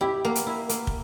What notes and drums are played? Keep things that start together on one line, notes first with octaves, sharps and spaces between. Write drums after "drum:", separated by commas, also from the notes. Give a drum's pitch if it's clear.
E4 G4
A#3
drum: hi-hat
E4
A#3, drum: hi-hat
drum: kick